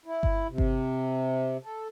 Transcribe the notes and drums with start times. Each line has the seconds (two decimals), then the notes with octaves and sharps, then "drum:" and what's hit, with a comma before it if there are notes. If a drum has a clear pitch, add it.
0.05 E4
0.23 drum: kick G1
0.49 C3
0.58 drum: kick G1
1.63 A4